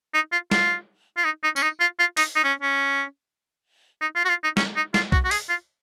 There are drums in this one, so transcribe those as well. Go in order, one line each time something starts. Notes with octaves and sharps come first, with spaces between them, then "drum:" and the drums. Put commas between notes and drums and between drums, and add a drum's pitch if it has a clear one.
D#4
F4
F4, drum: snare
F4
D#4
D#4
C#4, drum: tambourine
D#4
F4
F4
D#4, drum: open hi-hat
D#4
C#4
C#4
D#4
F4
F#4
F4
D#4
C#4, drum: snare
D#4
F4, drum: snare
F#4, drum: kick B1
F#4
G#4, drum: open hi-hat
F4